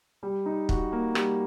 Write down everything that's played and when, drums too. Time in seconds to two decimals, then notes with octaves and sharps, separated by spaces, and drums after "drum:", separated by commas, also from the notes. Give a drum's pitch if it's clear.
0.23 G3
0.46 D#4
0.69 F#4, drum: kick
0.92 A#3
1.15 G3, drum: rim click